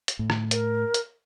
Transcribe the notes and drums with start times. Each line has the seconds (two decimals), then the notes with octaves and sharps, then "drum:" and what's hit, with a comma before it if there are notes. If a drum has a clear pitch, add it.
0.08 drum: hi-hat
0.19 A2
0.30 drum: rim click
0.51 A#4, drum: hi-hat
0.94 drum: hi-hat